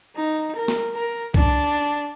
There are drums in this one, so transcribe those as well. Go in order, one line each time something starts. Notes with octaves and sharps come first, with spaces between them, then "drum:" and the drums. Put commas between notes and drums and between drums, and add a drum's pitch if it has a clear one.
D#4
A#4
drum: snare
A#4
D4, drum: kick C2